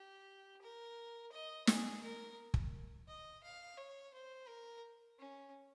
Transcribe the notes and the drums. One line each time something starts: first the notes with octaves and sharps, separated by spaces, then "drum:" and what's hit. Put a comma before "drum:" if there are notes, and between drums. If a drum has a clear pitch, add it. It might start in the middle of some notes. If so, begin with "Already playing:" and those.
Already playing: G4
A#4
D#5
G#4, drum: snare
A#4
drum: kick
D#5
F5
C#5
C5
A#4
C#4